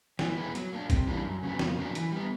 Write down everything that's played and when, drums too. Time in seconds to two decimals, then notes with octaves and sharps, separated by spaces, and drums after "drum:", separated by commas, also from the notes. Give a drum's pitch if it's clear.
0.19 E3, drum: snare
0.37 G#3 B3 E4
0.55 F#3, drum: hi-hat
0.73 A#3 D4
0.90 C3, drum: kick, hi-hat
1.07 E3 G3 A#3 D4
1.24 F#2
1.43 C#3 F#3 B3
1.59 F2, drum: snare
1.77 C#3 F#3 A#3 D4
1.95 E3, drum: hi-hat
2.12 G3 B3